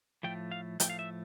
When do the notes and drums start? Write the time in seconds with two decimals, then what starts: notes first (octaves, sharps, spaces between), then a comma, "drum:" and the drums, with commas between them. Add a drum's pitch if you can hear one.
0.23 A2 F3 A3 G5
0.51 F5
0.80 A2 F3 A3 G5, drum: hi-hat
0.90 F5
0.99 E5